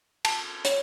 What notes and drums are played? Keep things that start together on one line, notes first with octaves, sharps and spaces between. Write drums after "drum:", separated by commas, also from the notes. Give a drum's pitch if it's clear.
A5, drum: cymbal
C#5, drum: hi-hat